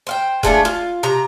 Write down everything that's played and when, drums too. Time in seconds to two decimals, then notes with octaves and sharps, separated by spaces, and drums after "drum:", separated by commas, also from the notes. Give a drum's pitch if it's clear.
0.07 C5 F5 G5
0.43 G#3 A3 D4 F4, drum: kick F1
0.65 F4
1.03 C3 A#5